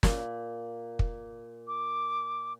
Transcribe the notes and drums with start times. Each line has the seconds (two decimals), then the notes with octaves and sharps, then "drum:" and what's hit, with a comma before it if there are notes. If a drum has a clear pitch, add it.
0.03 A#2, drum: snare
0.99 drum: kick
1.67 D6